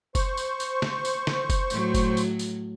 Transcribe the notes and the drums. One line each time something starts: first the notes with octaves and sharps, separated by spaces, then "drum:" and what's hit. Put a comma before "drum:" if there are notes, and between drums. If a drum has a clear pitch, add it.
C5 C#6, drum: kick F#1, tambourine
drum: tambourine
drum: tambourine
drum: snare
drum: tambourine
drum: snare
drum: kick F#1, tambourine
A2 F#3, drum: tambourine
drum: kick F#1, tambourine
drum: tambourine
drum: tambourine